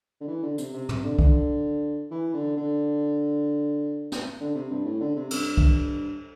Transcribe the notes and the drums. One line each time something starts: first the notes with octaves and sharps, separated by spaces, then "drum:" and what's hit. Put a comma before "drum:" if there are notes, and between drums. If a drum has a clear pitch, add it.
D3
E3
D3
C3, drum: hi-hat
C3
C3, drum: tom
D3
D3, drum: kick
E3
D3
D3
drum: snare
D3
C3
G2
A2
D3
C3
G2, drum: cymbal
drum: kick